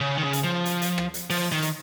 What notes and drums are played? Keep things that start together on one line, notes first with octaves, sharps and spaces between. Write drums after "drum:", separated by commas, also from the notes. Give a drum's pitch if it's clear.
C#3
D#3
C#3
drum: hi-hat
F3
drum: hi-hat
drum: hi-hat
drum: rim click
drum: hi-hat
F3, drum: open hi-hat
D#3
drum: hi-hat